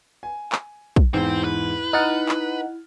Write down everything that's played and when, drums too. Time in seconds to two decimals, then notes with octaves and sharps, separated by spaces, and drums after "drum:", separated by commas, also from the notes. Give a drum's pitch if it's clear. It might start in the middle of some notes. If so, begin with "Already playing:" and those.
0.23 G#5
0.52 drum: clap
0.96 drum: kick
1.14 E2 G#2 C4 E4 C5
1.44 B4
1.93 D#4 F#5 F6 A6
2.29 drum: clap